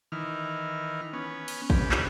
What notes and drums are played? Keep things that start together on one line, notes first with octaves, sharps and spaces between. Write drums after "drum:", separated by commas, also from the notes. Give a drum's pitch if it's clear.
D#3 E3 F6
B3 C#4
drum: cymbal
C#3 G4 B4, drum: kick
drum: clap